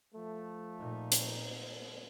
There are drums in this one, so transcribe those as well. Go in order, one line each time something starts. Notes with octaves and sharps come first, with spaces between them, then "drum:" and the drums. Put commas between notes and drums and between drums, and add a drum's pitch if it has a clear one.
F3 A3
A#2 D#4
drum: hi-hat